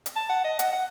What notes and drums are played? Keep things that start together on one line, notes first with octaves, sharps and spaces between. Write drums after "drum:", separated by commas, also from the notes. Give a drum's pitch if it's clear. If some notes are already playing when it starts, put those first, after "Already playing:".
drum: hi-hat
A5
F#5
D#5
F#5, drum: hi-hat
F#5